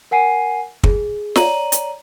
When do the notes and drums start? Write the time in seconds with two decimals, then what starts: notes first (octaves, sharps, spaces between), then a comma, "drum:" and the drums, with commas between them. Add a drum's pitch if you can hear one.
0.11 A#4 F#5 G#5 C7 D#7
0.84 G#4, drum: kick
1.36 C#5 D5 A#5 D#7 F#7, drum: snare
1.72 drum: hi-hat